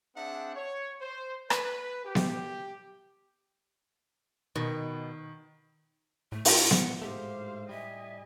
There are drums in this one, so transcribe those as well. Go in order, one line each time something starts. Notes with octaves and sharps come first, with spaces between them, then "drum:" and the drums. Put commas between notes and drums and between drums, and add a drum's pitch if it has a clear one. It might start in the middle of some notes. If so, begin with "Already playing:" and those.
C4 D4 G#4 E5 F#5
C#5
C5
B4, drum: rim click
G4
drum: snare B3
B2 D#3
A2 A3
drum: open hi-hat
F#5, drum: snare B3
G#2 G#3 A3 G4 C5 F5
G3 D#5 E5 G#5